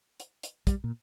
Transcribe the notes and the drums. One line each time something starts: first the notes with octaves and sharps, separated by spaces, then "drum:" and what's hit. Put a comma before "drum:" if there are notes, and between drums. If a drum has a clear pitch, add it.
drum: hi-hat
drum: hi-hat
G3, drum: kick, hi-hat
A#2